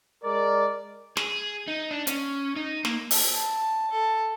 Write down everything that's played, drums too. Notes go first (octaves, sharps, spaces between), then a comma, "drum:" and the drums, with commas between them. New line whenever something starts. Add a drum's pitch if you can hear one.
G#3 A#4 D5
G#4, drum: snare
D#4
D4
C#4, drum: hi-hat
D#4
A#3, drum: snare
drum: open hi-hat
A5
A4